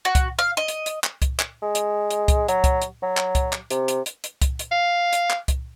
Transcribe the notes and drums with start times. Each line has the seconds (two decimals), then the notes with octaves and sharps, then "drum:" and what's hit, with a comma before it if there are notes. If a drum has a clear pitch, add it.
0.05 F#4
0.15 drum: kick C2, hi-hat
0.39 F5
0.57 D#5
0.68 drum: hi-hat
0.86 drum: hi-hat
1.04 drum: clap
1.22 drum: kick C2, hi-hat
1.39 drum: clap
1.62 G#3
1.75 drum: hi-hat
2.10 drum: hi-hat
2.28 drum: kick C2, hi-hat
2.48 F#3, drum: hi-hat
2.64 drum: kick C2, hi-hat
2.82 drum: hi-hat
3.02 F#3
3.17 drum: clap
3.35 drum: kick C2, hi-hat
3.53 drum: clap
3.70 C3, drum: hi-hat
3.88 drum: hi-hat
4.06 drum: hi-hat
4.24 drum: hi-hat
4.42 drum: kick C2, hi-hat
4.59 drum: hi-hat
4.72 F5
5.13 drum: hi-hat
5.30 drum: clap
5.48 drum: kick C2, hi-hat